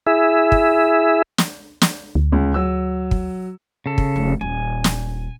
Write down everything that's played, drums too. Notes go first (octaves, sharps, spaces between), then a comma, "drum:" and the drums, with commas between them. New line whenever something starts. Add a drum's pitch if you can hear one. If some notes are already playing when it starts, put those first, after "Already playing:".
E4 G#4 E5
drum: kick
drum: snare
drum: snare
D2
C#2
F#3 E6
drum: kick
C#3 A4
drum: kick
F1
D#1 G#5
drum: snare